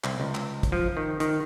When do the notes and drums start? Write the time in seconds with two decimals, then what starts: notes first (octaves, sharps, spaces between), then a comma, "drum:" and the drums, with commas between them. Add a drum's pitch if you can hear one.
0.04 C2, drum: clap
0.20 C#2
0.35 drum: clap
0.63 drum: kick, hi-hat
0.72 F3
0.97 D#3
1.20 D#3, drum: hi-hat